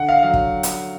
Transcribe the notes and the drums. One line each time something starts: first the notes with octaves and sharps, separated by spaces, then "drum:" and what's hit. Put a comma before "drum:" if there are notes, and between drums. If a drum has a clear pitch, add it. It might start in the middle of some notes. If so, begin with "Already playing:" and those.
Already playing: D3 F#5
F5
F#3 F5
drum: kick
drum: hi-hat